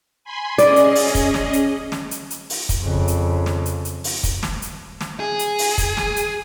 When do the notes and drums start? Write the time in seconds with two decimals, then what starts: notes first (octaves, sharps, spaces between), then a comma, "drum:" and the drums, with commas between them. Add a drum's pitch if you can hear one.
0.24 G#5 B5 C6
0.58 C#4 G#4 D5 D#5, drum: hi-hat
0.76 drum: hi-hat
0.95 drum: open hi-hat
1.15 drum: kick, hi-hat
1.34 drum: snare
1.53 drum: hi-hat
1.92 drum: snare
2.11 drum: hi-hat
2.30 drum: hi-hat
2.50 drum: open hi-hat
2.69 drum: kick, hi-hat
2.81 F2 C#3
3.08 drum: hi-hat
3.46 drum: snare
3.66 drum: hi-hat
3.85 drum: hi-hat
4.04 drum: open hi-hat
4.23 drum: kick, hi-hat
4.43 drum: snare
4.62 drum: hi-hat
5.01 drum: snare
5.20 G#4
5.39 drum: hi-hat
5.59 drum: open hi-hat
5.78 drum: kick, hi-hat
5.97 drum: snare
6.16 drum: hi-hat